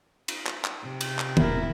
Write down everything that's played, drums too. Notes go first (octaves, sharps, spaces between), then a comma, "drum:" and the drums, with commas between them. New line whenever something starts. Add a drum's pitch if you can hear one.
drum: cymbal
drum: clap
drum: clap
C3
drum: cymbal
drum: clap
E1 A1 E4 A#4, drum: tom